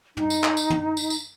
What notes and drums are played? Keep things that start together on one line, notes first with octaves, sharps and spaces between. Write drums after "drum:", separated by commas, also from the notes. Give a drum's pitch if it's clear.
D#4, drum: tom
drum: tambourine
drum: clap
drum: tambourine
drum: tom
drum: tambourine
drum: tambourine